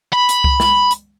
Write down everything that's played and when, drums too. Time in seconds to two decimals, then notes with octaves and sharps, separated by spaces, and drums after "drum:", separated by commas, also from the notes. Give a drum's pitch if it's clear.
0.13 B5
0.29 drum: hi-hat
0.44 drum: kick C#2
0.60 drum: snare
0.91 drum: hi-hat